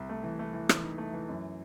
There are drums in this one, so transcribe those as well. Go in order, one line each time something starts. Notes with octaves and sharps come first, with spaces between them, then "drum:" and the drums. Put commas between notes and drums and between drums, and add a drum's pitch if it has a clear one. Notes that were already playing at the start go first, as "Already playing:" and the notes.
Already playing: C2
A3
E3
A3
E3
E3, drum: rim click
D#4
A3
E3
F#2